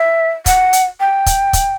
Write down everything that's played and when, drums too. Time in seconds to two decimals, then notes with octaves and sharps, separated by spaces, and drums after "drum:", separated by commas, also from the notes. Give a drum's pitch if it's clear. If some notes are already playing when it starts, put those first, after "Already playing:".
Already playing: E5
0.46 F#5, drum: kick, hi-hat
0.73 drum: hi-hat
1.00 G5
1.26 drum: kick, hi-hat
1.53 drum: kick, hi-hat